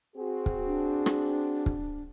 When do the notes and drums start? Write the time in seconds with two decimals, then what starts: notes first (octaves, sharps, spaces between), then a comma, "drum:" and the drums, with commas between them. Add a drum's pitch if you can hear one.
0.16 C4 F#4 G#4
0.46 drum: kick
0.66 D4
1.06 drum: rim click
1.66 drum: kick